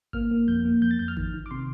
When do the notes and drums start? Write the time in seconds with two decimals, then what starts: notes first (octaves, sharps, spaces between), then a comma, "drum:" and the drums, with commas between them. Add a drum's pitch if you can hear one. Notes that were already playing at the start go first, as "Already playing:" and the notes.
0.13 A#3 F6, drum: kick G#1
0.31 A#3
0.48 F2 G6
0.65 A#3
0.82 F2 G6
0.91 A6
0.99 F2 G6
1.08 F6
1.17 D#3, drum: kick G#1
1.34 D#3
1.46 D6
1.51 C3 C6